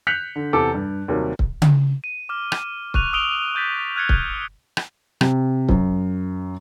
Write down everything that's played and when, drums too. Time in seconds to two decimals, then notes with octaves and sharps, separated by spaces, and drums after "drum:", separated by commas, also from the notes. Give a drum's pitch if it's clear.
0.07 F#6 G6 B6 C#7 F7
0.36 D3
0.53 E2 C3 A4 D6
0.74 G2
1.08 D#2 C3 F#3 G3
1.39 drum: kick C#1
1.62 drum: tom C#3
2.04 D#7
2.29 D6 F6
2.52 drum: rim click
2.94 C#6 F#6 D#7 F7, drum: kick C#1
3.13 D#6 E6 D7 F7 G7
3.55 D6 G6 A6 B6
3.96 F6 F#6 G#6 A6 C#7
4.09 drum: kick C#1
4.77 drum: rim click
5.21 C3, drum: rim click
5.69 F#2, drum: kick C#1